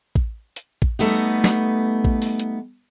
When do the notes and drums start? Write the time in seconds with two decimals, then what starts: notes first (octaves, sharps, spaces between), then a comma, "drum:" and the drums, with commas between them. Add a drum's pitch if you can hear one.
0.15 drum: kick A1
0.56 drum: hi-hat
0.82 drum: kick A1
0.99 G3 A3 B3 D#4
1.44 drum: snare
2.04 drum: kick A1
2.22 drum: open hi-hat
2.40 drum: hi-hat